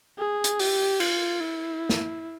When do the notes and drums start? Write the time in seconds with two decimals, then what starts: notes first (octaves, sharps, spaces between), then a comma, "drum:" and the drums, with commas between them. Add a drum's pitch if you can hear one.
0.19 G#4
0.44 drum: hi-hat
0.59 G4, drum: open hi-hat
1.00 F4, drum: cymbal
1.41 E4
1.90 drum: snare